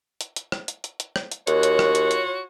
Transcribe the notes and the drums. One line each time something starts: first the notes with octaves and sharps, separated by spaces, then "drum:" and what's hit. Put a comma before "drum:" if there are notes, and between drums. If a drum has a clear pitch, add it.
drum: hi-hat
drum: hi-hat
drum: rim click
drum: hi-hat
drum: hi-hat
drum: hi-hat
drum: rim click
drum: hi-hat
D#2 F4 F#4 C#5, drum: hi-hat
drum: hi-hat
drum: rim click
drum: hi-hat
drum: hi-hat